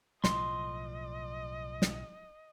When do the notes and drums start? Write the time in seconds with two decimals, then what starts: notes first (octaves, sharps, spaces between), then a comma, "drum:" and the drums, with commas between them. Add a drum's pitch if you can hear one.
0.24 B1 A2 F3 D#5 C6, drum: snare
1.82 drum: snare